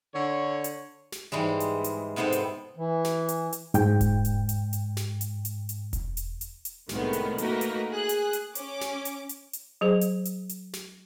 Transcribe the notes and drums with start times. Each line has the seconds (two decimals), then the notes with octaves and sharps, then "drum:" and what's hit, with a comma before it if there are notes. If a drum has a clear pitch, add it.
0.14 D3 C#5
0.64 drum: hi-hat
1.12 drum: snare
1.32 G#2 E3 G3 G#3
1.60 drum: hi-hat
1.84 drum: hi-hat
2.16 G#2 C3 B3 A4 C5
2.32 drum: hi-hat
2.77 E3
3.05 drum: snare
3.29 drum: hi-hat
3.53 drum: hi-hat
3.74 G#2 G5, drum: hi-hat
4.01 drum: kick E1, hi-hat
4.25 drum: hi-hat
4.49 drum: hi-hat
4.73 drum: hi-hat
4.97 drum: snare
5.21 drum: hi-hat
5.45 drum: hi-hat
5.69 drum: hi-hat
5.93 drum: kick E1, hi-hat
6.17 drum: hi-hat
6.41 drum: hi-hat
6.65 drum: hi-hat
6.89 C2 A2 D#3 G#3 A3 B3, drum: snare
7.13 drum: hi-hat
7.38 A3 A#3 D#4 F#4 A#4 B4, drum: hi-hat
7.61 drum: hi-hat
7.92 G#4 F#6
8.09 drum: hi-hat
8.33 drum: hi-hat
8.55 C#4 D6, drum: hi-hat
8.81 drum: snare
9.05 drum: hi-hat
9.29 drum: hi-hat
9.53 drum: hi-hat
9.81 F#3 G#4 C5
10.01 drum: hi-hat
10.25 drum: hi-hat
10.49 drum: hi-hat
10.73 drum: snare